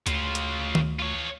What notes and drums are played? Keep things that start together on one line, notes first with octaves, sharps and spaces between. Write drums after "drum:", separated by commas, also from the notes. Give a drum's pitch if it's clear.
D2 C#3 F4, drum: hi-hat
drum: hi-hat
drum: tom D#3
F4 C#5